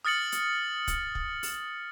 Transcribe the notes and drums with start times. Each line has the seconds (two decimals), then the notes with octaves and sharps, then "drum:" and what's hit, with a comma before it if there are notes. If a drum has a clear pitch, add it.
0.05 D#6 F6 A6 C#7 F#7
0.32 drum: hi-hat
0.88 drum: kick, hi-hat
1.15 drum: kick
1.43 drum: open hi-hat